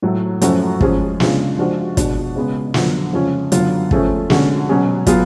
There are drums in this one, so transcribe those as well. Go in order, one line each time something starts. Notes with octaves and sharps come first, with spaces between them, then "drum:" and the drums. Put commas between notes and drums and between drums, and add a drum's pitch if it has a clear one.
A2 F#3 A3
F#2 F3 A3 C#4 F#4, drum: hi-hat
F3 G#3 C#4 G#4, drum: kick
C#3 G#3 D4 F4, drum: snare
F3 G#3 D4 F#4
B2 G#3 D4 F#4, drum: kick, hi-hat
C#3 G#3 B3
F2 D3 F#3, drum: snare
F2 C#3 G#3 C#4
F#2 D3 F#3 B3 F4, drum: hi-hat
F3 A3 C#4 G#4, drum: kick
D3 G#3 C#4 F#4, drum: snare
B2 F#3 C#4 G#4
F#3 B3 F4 G#4, drum: kick, hi-hat